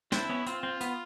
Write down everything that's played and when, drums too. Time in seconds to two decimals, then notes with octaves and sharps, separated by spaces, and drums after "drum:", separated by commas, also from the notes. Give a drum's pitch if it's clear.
0.12 C4 D4 E4, drum: snare
0.29 B3 C#4
0.47 C4 F4, drum: hi-hat
0.63 C4
0.81 B3, drum: hi-hat